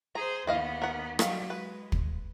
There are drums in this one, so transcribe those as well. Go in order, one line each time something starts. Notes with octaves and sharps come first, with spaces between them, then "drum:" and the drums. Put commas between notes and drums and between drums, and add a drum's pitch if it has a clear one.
G#4 C5 A#5
D#2 B3 E4 D#5 F5
A#4 F#5
D#3 F#3 G3 F5, drum: rim click
G#3 B4
drum: kick